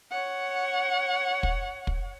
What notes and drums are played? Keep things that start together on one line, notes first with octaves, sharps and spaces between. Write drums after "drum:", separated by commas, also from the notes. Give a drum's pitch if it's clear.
C#5 F#5
drum: kick
drum: kick